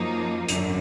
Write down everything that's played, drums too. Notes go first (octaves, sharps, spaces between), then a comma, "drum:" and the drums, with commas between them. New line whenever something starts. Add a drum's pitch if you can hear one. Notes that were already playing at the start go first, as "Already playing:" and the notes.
Already playing: F#2 F3 A#3 D#4
G#1 F#2 D3, drum: hi-hat